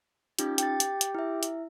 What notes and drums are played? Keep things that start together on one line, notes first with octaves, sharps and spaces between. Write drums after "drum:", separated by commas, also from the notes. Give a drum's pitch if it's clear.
C#4 D#4 F4 G4, drum: hi-hat
G5 A6, drum: hi-hat
drum: hi-hat
drum: hi-hat
E4 E5
drum: hi-hat